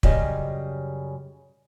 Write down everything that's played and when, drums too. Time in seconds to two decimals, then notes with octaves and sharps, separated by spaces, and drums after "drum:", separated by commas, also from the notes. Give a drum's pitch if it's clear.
0.03 F#2 C#3 G3 D#5, drum: kick